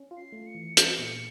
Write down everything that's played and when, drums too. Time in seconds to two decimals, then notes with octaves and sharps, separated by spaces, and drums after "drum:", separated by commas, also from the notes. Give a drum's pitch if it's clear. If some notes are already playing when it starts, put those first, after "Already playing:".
Already playing: C#4
0.11 F4
0.17 C7
0.32 A3
0.47 C#7
0.55 E3
0.77 B3, drum: hi-hat
0.99 A#2